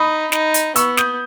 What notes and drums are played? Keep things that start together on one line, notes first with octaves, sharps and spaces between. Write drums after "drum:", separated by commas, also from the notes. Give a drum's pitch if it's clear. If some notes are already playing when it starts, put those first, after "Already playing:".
Already playing: D#4 B5 D#6
D#4, drum: snare
drum: hi-hat
B3 C#6 E6, drum: hi-hat
D#6 G6, drum: snare